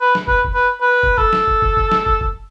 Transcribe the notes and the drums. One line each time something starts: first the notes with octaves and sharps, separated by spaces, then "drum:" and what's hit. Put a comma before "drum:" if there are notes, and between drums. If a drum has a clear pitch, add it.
B4
drum: snare
B4, drum: kick
drum: kick
B4
B4
drum: kick
A4, drum: kick
drum: snare
drum: kick
drum: kick
drum: kick
drum: snare
drum: kick
drum: kick